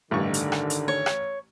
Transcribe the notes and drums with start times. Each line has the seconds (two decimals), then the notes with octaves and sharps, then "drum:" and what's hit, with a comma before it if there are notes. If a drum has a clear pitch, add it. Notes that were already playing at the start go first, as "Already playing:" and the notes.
0.11 A1 G2 D3 D#3 C#6
0.34 drum: hi-hat
0.52 drum: rim click
0.70 drum: hi-hat
0.88 C#5
1.06 drum: rim click